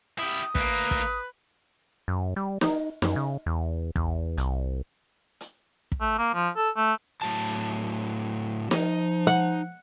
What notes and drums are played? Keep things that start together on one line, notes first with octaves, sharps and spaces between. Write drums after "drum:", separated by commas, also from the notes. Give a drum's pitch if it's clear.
E4 G4 D#6
D2 A#3 B4, drum: kick
drum: kick
F#2
G3
D#4, drum: snare
F#2, drum: snare
C#3
E2
E2, drum: kick
C2, drum: hi-hat
drum: hi-hat
drum: kick
A3
A#3
F3
A4
A3
A2 F#3 A5
F3 D#4, drum: snare
F#5, drum: hi-hat